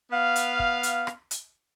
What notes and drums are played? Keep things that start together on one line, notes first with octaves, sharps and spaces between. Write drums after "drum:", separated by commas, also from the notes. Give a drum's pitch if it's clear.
B3 F5
drum: hi-hat
drum: kick
drum: hi-hat
drum: rim click
drum: hi-hat